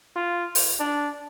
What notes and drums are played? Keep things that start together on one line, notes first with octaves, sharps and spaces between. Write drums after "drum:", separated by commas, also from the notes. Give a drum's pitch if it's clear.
F4
drum: open hi-hat
D4